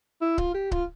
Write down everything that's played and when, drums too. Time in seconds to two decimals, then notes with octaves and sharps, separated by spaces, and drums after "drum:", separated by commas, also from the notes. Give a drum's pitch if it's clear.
0.21 E4
0.38 F4, drum: kick C#1
0.54 G4
0.71 F4, drum: kick C#1